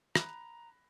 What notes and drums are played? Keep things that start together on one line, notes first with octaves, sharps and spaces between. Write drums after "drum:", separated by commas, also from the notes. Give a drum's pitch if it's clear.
A#5 B5 F#6 A#6, drum: rim click